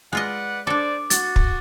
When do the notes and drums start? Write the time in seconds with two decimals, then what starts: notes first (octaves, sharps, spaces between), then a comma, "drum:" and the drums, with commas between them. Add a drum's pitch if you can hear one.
0.13 G#3 F4 B4 D5 D#5 F#5
0.67 D4 A4 C5 D5 D6
1.10 F#4 A6, drum: hi-hat
1.36 drum: kick